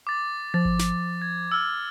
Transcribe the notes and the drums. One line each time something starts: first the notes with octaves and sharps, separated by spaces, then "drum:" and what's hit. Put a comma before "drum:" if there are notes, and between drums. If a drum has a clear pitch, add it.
D6 A6
F3 A6
drum: kick G#1
drum: snare
G#6
E6 F6